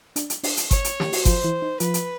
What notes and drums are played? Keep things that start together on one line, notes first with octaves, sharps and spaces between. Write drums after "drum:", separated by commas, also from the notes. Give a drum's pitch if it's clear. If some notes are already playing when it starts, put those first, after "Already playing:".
D4, drum: hi-hat
drum: hi-hat
D4, drum: open hi-hat
drum: hi-hat
C#5, drum: kick G1, hi-hat
drum: hi-hat
G4, drum: snare
F#4, drum: open hi-hat
F3 F4 C5, drum: kick G1, hi-hat
E3 E4
D#4
F3 F4 B4, drum: hi-hat
drum: hi-hat